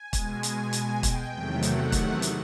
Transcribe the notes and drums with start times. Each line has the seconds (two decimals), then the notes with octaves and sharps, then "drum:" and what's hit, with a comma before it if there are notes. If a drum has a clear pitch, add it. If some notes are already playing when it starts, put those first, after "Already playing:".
Already playing: G#5
0.13 B2 G#3, drum: kick, hi-hat
0.43 G#5, drum: hi-hat
0.73 drum: hi-hat
1.03 G5, drum: kick, hi-hat
1.32 E2 C3 D#3 F#3 A3
1.63 F#5, drum: hi-hat
1.92 drum: kick, hi-hat
2.22 drum: hi-hat